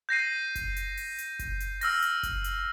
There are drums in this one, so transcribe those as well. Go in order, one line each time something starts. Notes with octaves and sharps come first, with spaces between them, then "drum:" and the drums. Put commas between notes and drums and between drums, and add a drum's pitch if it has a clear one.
G6 A#6 C7 D#7
drum: kick F#1, hi-hat
drum: hi-hat
drum: open hi-hat
drum: hi-hat
drum: kick F#1, hi-hat
drum: hi-hat
E6 F6 A#6, drum: open hi-hat
drum: hi-hat
drum: kick F#1, hi-hat
drum: hi-hat